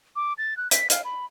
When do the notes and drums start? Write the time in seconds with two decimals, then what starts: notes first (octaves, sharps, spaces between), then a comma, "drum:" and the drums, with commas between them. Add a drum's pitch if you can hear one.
0.16 D6
0.38 A6
0.57 F#6
0.71 B6, drum: hi-hat
0.90 F5, drum: hi-hat
1.05 B5